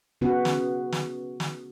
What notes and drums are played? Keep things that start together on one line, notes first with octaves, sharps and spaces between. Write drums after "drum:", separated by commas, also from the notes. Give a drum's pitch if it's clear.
C#3 B3 F#4 B4
drum: snare
drum: snare
drum: snare